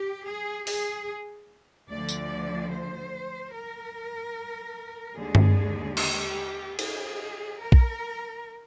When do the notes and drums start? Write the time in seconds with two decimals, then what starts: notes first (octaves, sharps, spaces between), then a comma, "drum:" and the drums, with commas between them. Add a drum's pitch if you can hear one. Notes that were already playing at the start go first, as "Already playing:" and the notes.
Already playing: G4
0.26 G#4
0.67 G#4, drum: open hi-hat
1.89 D2 D3 F3 D5
2.09 drum: tambourine
2.71 C5
3.52 A#4
5.15 D#2 D3 G#3 G#4
5.35 drum: tom G2
5.97 G4, drum: cymbal
6.79 G#4, drum: cymbal
7.60 A#4
7.72 drum: kick A#1